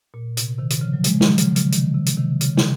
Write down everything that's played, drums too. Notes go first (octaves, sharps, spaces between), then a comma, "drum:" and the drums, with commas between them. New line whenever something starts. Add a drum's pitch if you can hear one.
A#2
C3, drum: hi-hat
C3 D#3
drum: hi-hat
C#3 F3
F#3
F3 G#3, drum: hi-hat
D#3 F#3, drum: snare
C#3 F3, drum: hi-hat
C#3 F3, drum: hi-hat
C3 D#3, drum: hi-hat
C3
drum: hi-hat
C3 D#3
C#3, drum: hi-hat
drum: snare